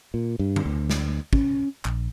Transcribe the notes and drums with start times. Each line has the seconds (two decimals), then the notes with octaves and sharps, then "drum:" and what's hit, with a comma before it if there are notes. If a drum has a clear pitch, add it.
0.14 A#2
0.39 G2
0.56 drum: tom D3
0.66 D2
0.90 drum: snare
1.33 C#4, drum: kick
1.85 A#1, drum: clap